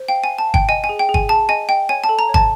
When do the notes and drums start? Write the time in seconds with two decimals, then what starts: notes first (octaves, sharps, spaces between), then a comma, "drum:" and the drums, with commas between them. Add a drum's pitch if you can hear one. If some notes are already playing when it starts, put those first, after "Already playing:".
Already playing: C5
0.08 F5 G5
0.24 G#5
0.29 F5
0.39 A5
0.49 F5
0.54 G5, drum: kick
0.69 D#5 G#5
0.84 G#5
0.89 G#4
0.99 G5
1.09 G#4
1.14 G#5, drum: kick
1.29 G#4 A5
1.49 D#5 G#5
1.69 D#5 G5
1.89 C#5 G#5
2.04 A5
2.09 A4
2.19 A#5
2.29 C#5
2.34 A5, drum: kick